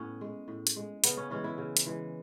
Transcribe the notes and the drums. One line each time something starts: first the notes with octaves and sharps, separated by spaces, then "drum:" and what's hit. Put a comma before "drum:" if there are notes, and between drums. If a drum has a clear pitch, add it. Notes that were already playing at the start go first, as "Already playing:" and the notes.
Already playing: A2 B3 C#4
G#3
A2
drum: hi-hat
G#3
C#3 B3, drum: hi-hat
C#4
E3 G#3 C#4
E4
C#3
drum: hi-hat
E3 G#3